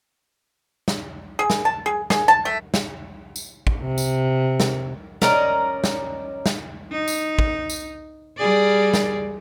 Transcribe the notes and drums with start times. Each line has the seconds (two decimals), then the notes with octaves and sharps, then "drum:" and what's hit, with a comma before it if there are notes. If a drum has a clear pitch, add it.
0.88 drum: snare
1.39 G#4
1.50 drum: snare
1.65 A5
1.86 G#4
2.10 G#4, drum: snare
2.28 A5
2.45 A3
2.74 drum: snare
3.36 drum: tambourine
3.67 drum: kick
3.81 C3
3.98 drum: tambourine
4.60 drum: snare
5.22 C#4 A#4 D5 D#5, drum: snare
5.84 drum: snare
6.46 drum: snare
6.92 D#4
7.08 drum: tambourine
7.39 drum: kick
7.70 drum: tambourine
8.37 G3 G#4 D5
8.94 drum: snare